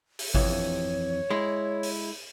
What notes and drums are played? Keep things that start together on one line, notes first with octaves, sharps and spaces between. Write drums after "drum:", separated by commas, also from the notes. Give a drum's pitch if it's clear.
drum: open hi-hat
F2 E3 C#5, drum: kick G#1
G#3 E4
drum: open hi-hat